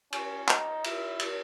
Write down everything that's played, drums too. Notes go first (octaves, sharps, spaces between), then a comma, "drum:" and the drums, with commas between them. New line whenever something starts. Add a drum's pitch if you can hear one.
C#4, drum: cymbal
D#4, drum: clap
E4, drum: cymbal
drum: cymbal